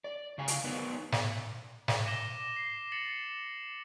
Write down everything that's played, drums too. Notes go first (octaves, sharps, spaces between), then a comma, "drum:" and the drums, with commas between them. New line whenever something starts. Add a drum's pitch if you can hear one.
D5
C#3 F5 G#5
drum: hi-hat
F#3 B3 D#4 B4 D5
drum: snare
drum: snare
D6 A#6 D#7 E7 G7
C7
A6 C#7 E7 F#7